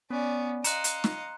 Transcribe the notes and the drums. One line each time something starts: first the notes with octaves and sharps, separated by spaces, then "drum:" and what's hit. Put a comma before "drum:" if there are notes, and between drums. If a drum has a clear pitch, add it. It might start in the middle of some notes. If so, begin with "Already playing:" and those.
B3 C#4 D5
D#5 F5 A#5 C6 F#6 C#7, drum: hi-hat
drum: hi-hat
drum: snare